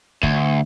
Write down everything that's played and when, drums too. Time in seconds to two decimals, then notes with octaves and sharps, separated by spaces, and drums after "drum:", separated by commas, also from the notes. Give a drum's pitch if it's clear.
0.23 D2, drum: kick